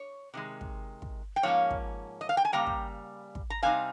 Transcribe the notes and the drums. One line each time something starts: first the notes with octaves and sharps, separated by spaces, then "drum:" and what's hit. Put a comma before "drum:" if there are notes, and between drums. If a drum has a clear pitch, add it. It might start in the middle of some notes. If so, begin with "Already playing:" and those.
Already playing: C#5
C3 D#3 G#3
drum: kick
drum: kick
G5
G#2 F3 A#3 C#4 C#5 F5
drum: kick
D#5
F5
G5
G#5
C#3 G3 A#3 G5 A#5
drum: kick
drum: kick
A#5
C3 G3 C4 D#4 F5 G#5